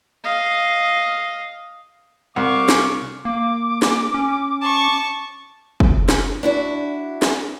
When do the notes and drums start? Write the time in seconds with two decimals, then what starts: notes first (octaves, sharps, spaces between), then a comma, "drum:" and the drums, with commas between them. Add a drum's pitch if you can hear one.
0.24 D#5 F5
2.36 C2 C3 F5 F#5 C#6 D6
2.69 drum: snare
3.25 A#3 D6
3.82 drum: snare
4.14 C#4
4.62 A5 C#6
5.80 drum: kick F#1
6.09 drum: snare
6.43 D4 E4 F#4
7.22 drum: snare